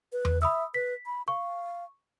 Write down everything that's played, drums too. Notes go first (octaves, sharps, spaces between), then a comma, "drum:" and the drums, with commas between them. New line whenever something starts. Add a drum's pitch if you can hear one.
B4
drum: tom E2
E5 B5 D#6 E6
B4 B6
B5
F5 C#6